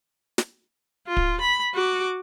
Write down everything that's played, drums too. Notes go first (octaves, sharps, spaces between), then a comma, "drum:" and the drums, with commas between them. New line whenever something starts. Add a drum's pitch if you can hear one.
drum: snare
F4
drum: kick
B5
F#4 D6